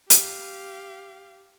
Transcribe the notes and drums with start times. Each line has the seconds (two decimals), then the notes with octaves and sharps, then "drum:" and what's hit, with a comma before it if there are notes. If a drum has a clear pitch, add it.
0.10 G4 F5, drum: hi-hat